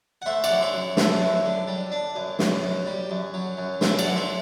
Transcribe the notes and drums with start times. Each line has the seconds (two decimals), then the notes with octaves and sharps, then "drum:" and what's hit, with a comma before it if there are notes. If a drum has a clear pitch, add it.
0.22 F#5
0.26 A3 C5 E5
0.44 D5 F#5, drum: cymbal
0.50 F#2
0.61 C5 E5
0.73 F#2
0.97 A3 C5 E5, drum: snare
1.21 F#2
1.45 D3
1.67 G3
1.92 D4
2.15 F#2
2.39 F#2, drum: snare
2.63 F#2
2.86 G3
3.10 F#2
3.34 F#3
3.57 F#2
3.81 D3 C5 E5, drum: snare
3.99 D5 F#5, drum: cymbal
4.05 F#2
4.16 C5 E5